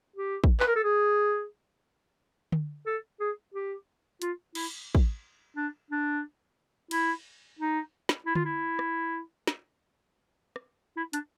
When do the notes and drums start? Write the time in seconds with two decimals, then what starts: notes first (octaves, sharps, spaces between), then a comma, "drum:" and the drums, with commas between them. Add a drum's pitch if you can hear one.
0.16 G4
0.44 drum: kick
0.60 B4, drum: clap
0.67 A#4
0.76 A4
0.84 G#4
2.52 drum: tom D3
2.86 A4
3.20 G#4
3.54 G4
4.22 F4, drum: hi-hat
4.55 E4, drum: cymbal
4.95 drum: kick
5.57 D4
5.90 D4
6.91 E4, drum: cymbal
7.59 D#4
8.09 drum: snare
8.26 E4
8.35 F4, drum: tom D3
8.45 E4
8.79 drum: rim click
9.47 drum: snare
10.56 drum: rim click
10.97 E4
11.13 D4, drum: hi-hat